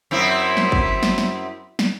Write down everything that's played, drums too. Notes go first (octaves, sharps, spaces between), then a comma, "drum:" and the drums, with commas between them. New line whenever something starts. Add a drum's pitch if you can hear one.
F#2 C4 E4
drum: snare
drum: kick
drum: snare
drum: snare
drum: snare